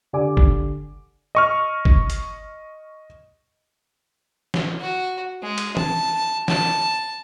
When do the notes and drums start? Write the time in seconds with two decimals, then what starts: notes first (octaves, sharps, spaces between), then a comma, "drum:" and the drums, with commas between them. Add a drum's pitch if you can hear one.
0.13 D3 G4 D5 G#5 D6
0.37 drum: kick G1
1.35 D#5 C#6 F6
1.85 drum: kick G1
2.10 drum: hi-hat
4.54 drum: snare
4.80 F#4
5.42 G#3
5.58 drum: cymbal
5.77 A5, drum: tom E3
6.48 A5, drum: snare